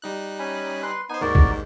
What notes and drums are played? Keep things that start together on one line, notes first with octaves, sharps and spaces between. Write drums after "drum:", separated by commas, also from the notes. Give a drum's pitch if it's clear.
G3 D#4 F#6
C#4 G#5 B5
B4 C6
B3 D#4 C5 G#5
D#2 G#2 D#3 F#4 A#4 D5
drum: kick A#1